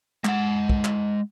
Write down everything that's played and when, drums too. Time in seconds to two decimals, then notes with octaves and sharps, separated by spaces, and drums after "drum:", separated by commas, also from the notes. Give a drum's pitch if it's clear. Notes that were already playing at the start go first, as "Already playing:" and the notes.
0.25 G#3 F#5, drum: clap
0.70 drum: kick
0.84 drum: clap